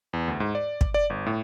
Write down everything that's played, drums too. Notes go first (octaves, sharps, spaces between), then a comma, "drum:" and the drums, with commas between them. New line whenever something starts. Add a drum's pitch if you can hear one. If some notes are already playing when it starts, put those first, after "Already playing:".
E2
D2
G#2
D5
drum: kick
D5
G1
A2